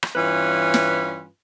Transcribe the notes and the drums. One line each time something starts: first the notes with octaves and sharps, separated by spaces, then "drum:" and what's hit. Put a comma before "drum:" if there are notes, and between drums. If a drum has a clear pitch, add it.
drum: rim click
G2 E3 C#4 F4 B4
drum: snare